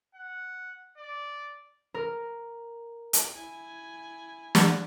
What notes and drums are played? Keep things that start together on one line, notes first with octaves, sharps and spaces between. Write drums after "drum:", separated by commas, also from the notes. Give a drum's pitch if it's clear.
F#5
D5
A#4
drum: hi-hat
E4 G#5
drum: snare